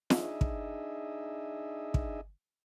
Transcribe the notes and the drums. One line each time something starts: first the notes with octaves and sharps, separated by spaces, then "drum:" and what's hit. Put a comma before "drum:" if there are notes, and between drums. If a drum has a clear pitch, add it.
D4 D#4 G#4 D#5 E5, drum: snare
drum: kick
drum: kick